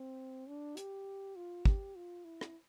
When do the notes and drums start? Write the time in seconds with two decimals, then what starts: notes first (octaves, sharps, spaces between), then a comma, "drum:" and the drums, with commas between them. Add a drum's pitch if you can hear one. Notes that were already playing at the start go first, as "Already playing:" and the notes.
Already playing: C4
0.48 D4
0.77 G4, drum: hi-hat
1.36 F4
1.65 G4, drum: kick
1.96 F4
2.25 E4
2.41 drum: rim click